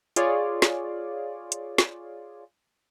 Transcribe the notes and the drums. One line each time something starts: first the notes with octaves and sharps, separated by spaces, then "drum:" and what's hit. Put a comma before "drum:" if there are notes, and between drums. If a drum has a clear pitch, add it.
F4 G#4 C#5 D5, drum: hi-hat
drum: snare
drum: hi-hat
drum: snare